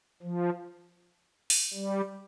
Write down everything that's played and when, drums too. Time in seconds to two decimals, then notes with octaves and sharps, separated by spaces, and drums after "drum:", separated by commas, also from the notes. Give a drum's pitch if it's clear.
0.22 F3
1.50 drum: open hi-hat
1.74 G3